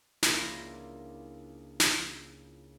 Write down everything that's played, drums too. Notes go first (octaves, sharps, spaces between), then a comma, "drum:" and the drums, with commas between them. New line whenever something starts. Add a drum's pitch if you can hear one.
C#2 A#3 D4 E4 F4 A#6, drum: snare
drum: snare